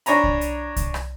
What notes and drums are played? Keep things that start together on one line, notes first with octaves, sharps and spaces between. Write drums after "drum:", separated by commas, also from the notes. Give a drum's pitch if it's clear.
D4 C#5 G#5 A#5 B5, drum: hi-hat
drum: kick C2
drum: hi-hat
drum: kick C2, hi-hat
drum: rim click